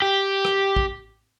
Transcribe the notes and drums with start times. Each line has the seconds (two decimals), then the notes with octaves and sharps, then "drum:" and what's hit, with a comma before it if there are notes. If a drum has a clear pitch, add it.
0.02 G4
0.45 drum: rim click
0.76 drum: kick